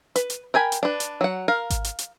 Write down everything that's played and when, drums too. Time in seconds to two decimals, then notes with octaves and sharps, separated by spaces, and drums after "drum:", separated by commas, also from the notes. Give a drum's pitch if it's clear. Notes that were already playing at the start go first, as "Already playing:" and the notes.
0.16 B4, drum: hi-hat
0.30 drum: hi-hat
0.54 A#4 G5 G#5 B5
0.72 drum: hi-hat
0.83 D4 B4
1.00 drum: hi-hat
1.21 F#3 F#5
1.48 A#4 F5
1.70 drum: kick G#1, hi-hat
1.84 drum: hi-hat
1.99 drum: hi-hat